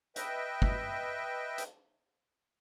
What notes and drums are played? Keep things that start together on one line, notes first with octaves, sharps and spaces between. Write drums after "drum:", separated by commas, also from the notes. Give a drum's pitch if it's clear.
B4 D#5 E5 G5, drum: hi-hat
drum: kick
drum: hi-hat